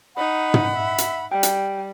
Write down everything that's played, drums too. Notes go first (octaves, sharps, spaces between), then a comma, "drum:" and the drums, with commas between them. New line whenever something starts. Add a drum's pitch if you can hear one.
D#4 F#5 B5
drum: tom
E5
drum: hi-hat
G3 G5
drum: hi-hat